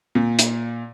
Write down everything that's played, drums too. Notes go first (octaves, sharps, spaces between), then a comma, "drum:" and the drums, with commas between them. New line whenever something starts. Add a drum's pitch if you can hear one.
A#2
drum: hi-hat